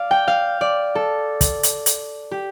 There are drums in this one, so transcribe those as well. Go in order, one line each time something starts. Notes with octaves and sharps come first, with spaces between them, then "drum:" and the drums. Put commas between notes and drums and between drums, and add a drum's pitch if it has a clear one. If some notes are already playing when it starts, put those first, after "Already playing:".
Already playing: D5 F5
G5
F5
D5
A4
drum: kick, hi-hat
drum: hi-hat
drum: hi-hat
G4